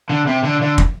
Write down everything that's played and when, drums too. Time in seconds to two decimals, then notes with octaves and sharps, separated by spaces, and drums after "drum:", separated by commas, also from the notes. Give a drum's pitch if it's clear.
0.09 D3
0.27 C3
0.43 D3
0.61 D3
0.78 drum: kick